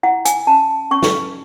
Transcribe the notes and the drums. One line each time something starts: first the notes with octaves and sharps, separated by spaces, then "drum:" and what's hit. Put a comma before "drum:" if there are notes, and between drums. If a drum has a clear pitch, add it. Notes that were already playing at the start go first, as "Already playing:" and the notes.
E4 F#5
G#5, drum: hi-hat
C#4 A5
C#4 C#6
drum: snare